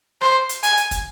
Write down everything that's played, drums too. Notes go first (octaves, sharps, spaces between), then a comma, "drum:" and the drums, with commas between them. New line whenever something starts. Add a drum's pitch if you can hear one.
C5, drum: rim click
drum: hi-hat
G#5, drum: hi-hat
drum: hi-hat
drum: kick, hi-hat